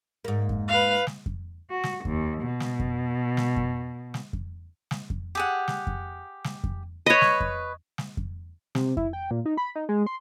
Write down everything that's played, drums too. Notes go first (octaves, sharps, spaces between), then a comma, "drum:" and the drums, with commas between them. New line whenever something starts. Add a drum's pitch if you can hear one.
G#2 A#3
drum: kick F2
B4 F5
drum: snare
drum: kick F2
F#4
drum: snare
D#2, drum: kick F2
B2
drum: snare
drum: kick F2
drum: snare
drum: kick F2
drum: snare
drum: kick F2
drum: snare
drum: kick F2
G4 G#4 F#5
drum: snare
drum: kick F2
drum: snare
drum: kick F2
B4 C#5 D#5 B5
drum: snare
drum: kick F2
drum: snare
drum: kick F2
C3, drum: snare
E4, drum: kick F2
G5
A#2
D#4
B5
D#4
G#3
C6